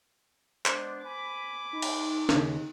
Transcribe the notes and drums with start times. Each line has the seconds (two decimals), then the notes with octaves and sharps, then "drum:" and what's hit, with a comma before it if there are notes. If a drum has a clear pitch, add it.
0.66 G#3 B3 D4 C5, drum: clap
1.05 G#5 B5 D6
1.73 D#4
1.82 drum: cymbal
2.29 D#2 C#3, drum: snare